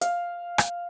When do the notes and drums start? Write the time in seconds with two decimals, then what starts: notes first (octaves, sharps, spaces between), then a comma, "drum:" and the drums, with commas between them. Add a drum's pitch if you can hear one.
0.01 F5, drum: hi-hat
0.58 drum: rim click